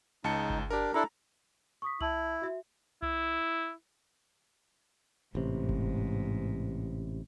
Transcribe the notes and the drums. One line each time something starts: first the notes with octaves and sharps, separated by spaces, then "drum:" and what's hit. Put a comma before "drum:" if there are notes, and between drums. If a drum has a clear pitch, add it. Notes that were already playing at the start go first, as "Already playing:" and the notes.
C#2 D#4 A5 C#7
drum: kick G1
D4 G4 A#4
D4 E4 A4 A#5
C#6 D#6 B6
E4 A5 E6 F#7, drum: tom C2
F#4 E5
E4, drum: tom C2
A1 G#2 C3
drum: kick G1